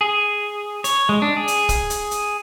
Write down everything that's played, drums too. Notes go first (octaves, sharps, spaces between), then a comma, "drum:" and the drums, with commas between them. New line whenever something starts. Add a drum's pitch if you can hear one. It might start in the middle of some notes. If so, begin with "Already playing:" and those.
G#4
C#5, drum: hi-hat
G#3
D4
G#4
drum: hi-hat
drum: kick, hi-hat
drum: hi-hat
drum: hi-hat